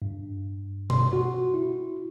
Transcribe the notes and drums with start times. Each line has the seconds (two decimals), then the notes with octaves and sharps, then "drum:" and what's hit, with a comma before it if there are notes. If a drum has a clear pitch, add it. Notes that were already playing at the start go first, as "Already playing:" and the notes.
0.02 G2
0.90 C6, drum: tom B2
1.13 F#4
1.54 E4